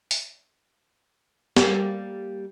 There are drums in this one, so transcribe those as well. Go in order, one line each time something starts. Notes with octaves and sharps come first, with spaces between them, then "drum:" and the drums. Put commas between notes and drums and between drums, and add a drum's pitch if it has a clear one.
drum: open hi-hat
G3 A#3, drum: snare